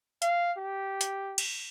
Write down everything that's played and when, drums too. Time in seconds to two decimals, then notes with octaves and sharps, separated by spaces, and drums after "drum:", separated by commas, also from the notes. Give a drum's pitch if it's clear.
0.22 F5, drum: hi-hat
0.57 G4
1.01 drum: hi-hat
1.38 drum: cymbal